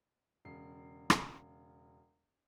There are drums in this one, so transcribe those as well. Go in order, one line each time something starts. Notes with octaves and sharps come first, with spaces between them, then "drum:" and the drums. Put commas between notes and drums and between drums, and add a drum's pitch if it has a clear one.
E1 C#3 C7
drum: rim click